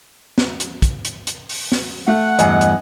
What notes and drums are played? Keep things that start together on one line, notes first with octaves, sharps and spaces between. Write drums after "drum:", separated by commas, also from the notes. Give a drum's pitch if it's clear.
drum: snare
drum: hi-hat
drum: kick, hi-hat
drum: hi-hat
drum: hi-hat
drum: open hi-hat
drum: snare
A3 F#5
E2 G2 D#5 G#5, drum: hi-hat
drum: hi-hat